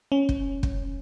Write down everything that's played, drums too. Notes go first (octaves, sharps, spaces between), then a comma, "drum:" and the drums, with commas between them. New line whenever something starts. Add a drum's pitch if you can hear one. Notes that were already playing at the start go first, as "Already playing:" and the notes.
C#4
drum: kick
drum: kick